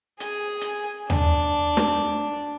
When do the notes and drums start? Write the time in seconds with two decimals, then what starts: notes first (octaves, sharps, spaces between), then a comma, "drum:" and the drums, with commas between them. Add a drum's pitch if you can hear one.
0.20 G#4 G#5, drum: hi-hat
0.61 drum: hi-hat
1.10 D4, drum: tom D#2
1.77 drum: snare